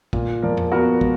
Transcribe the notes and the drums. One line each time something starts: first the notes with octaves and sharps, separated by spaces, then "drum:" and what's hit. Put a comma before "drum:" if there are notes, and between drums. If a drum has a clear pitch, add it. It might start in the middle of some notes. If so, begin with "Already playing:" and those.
A#2, drum: kick
F3 A#4 D5
drum: tom
B3 F#4 A#4
F3, drum: kick